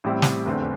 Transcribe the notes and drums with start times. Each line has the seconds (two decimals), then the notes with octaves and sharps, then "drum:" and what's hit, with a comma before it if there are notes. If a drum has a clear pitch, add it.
0.04 A1 A2 G3 C4 E4
0.22 drum: snare
0.45 F1 E2 D3 A3 C4